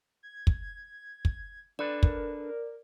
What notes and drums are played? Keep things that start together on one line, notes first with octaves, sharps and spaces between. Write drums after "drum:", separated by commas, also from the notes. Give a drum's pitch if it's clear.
G#6
drum: kick
drum: kick
D4 A4 B4 D5
A#4, drum: kick